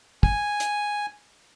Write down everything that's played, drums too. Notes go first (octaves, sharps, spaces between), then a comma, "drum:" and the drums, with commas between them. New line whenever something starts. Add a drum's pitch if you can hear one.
G#5, drum: kick
drum: hi-hat